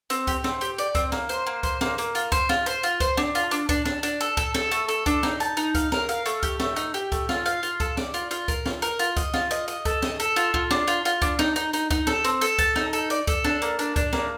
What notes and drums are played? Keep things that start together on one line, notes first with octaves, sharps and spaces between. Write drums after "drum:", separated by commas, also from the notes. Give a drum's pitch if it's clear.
C4, drum: hi-hat
G4, drum: kick C#2, hi-hat
C4, drum: snare
G4, drum: hi-hat
D5, drum: hi-hat
C4, drum: kick C#2, hi-hat
A#3, drum: snare
C5, drum: hi-hat
A#3
C5, drum: kick C#2, hi-hat
A#3, drum: snare
A#3, drum: hi-hat
F4, drum: hi-hat
C5, drum: kick C#2, hi-hat
F4, drum: snare
C5, drum: hi-hat
F4, drum: hi-hat
C5, drum: kick C#2, hi-hat
D4, drum: snare
F4, drum: hi-hat
D4, drum: hi-hat
D4, drum: kick C#2, hi-hat
D4, drum: snare
D4, drum: hi-hat
A4, drum: hi-hat
A4, drum: kick C#2, hi-hat
A4, drum: snare
A3, drum: hi-hat
A4, drum: hi-hat
D4, drum: kick C#2, hi-hat
D#4, drum: snare
A5, drum: hi-hat
D#4, drum: hi-hat
F5, drum: kick C#2, hi-hat
A#4, drum: snare
F5, drum: hi-hat
A3, drum: hi-hat
G4, drum: kick C#2, hi-hat
A3, drum: snare
D#4, drum: hi-hat
G4, drum: hi-hat
A3, drum: kick C#2, hi-hat
F4, drum: snare
F5, drum: hi-hat
F4, drum: hi-hat
A4, drum: kick C#2, hi-hat
D5, drum: snare
F4, drum: hi-hat
F4, drum: hi-hat
A#4, drum: kick C#2, hi-hat
F4, drum: snare
A#4, drum: hi-hat
F4, drum: hi-hat
D#5, drum: kick C#2, hi-hat
F4, drum: snare
D#5, drum: hi-hat
D#5, drum: hi-hat
A4, drum: kick C#2, hi-hat
D#5, drum: snare
A4, drum: hi-hat
F4, drum: hi-hat
F4, drum: kick C#2
D4, drum: snare
F4, drum: hi-hat
F4, drum: hi-hat
D4, drum: kick C#2, hi-hat
D#4, drum: snare
D#4, drum: hi-hat
D#4, drum: hi-hat
D#4, drum: kick C#2, hi-hat
A4, drum: snare
C4, drum: hi-hat
A4, drum: hi-hat
A5, drum: kick C#2, hi-hat
D#4, drum: snare
A4, drum: hi-hat
D5, drum: hi-hat
A4, drum: kick C#2, hi-hat
D4, drum: snare
A#3, drum: hi-hat
D4, drum: hi-hat
D4, drum: kick C#2, hi-hat
A#3, drum: snare